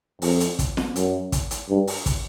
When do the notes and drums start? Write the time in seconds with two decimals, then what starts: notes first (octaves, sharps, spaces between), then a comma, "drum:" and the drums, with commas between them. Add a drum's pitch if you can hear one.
0.22 F2, drum: open hi-hat
0.40 drum: hi-hat
0.59 drum: kick, hi-hat
0.77 drum: snare
0.96 F#2, drum: hi-hat
1.32 drum: kick, hi-hat
1.51 drum: hi-hat
1.70 G2
1.87 drum: open hi-hat
2.06 drum: kick, hi-hat